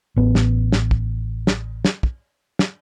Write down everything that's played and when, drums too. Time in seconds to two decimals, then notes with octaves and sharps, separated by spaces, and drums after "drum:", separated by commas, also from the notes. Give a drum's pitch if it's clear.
0.16 A1 B3
0.35 drum: snare
0.72 drum: snare
0.91 drum: kick
1.47 drum: snare
1.85 drum: snare
2.03 drum: kick
2.59 drum: snare